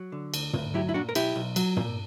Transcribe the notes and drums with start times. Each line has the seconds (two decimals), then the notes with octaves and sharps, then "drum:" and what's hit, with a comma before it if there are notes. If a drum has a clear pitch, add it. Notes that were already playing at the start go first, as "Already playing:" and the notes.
Already playing: F#3
0.12 D3
0.34 D2, drum: cymbal
0.53 D2, drum: tom
0.74 F#3 E4 G4
0.89 E4
0.94 A#2 D4 F#4
1.09 A#4
1.15 B1 E4 G4, drum: cymbal
1.36 B1
1.56 F#3, drum: cymbal
1.77 A#2, drum: tom